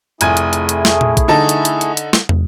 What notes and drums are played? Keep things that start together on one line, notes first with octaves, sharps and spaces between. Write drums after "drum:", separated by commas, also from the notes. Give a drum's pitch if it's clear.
F1 A3 E4 G#4 G#5 G#6, drum: hi-hat
drum: hi-hat
drum: hi-hat
drum: hi-hat
drum: snare
drum: tom A#2
drum: kick, hi-hat
D3 D#4 A5
drum: hi-hat
drum: hi-hat
drum: hi-hat
drum: hi-hat
drum: snare
drum: tom